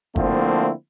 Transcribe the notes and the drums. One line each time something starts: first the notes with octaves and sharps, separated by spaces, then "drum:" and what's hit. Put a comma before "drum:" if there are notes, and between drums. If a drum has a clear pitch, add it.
D3 F3 A3 A#3 C4 E4, drum: kick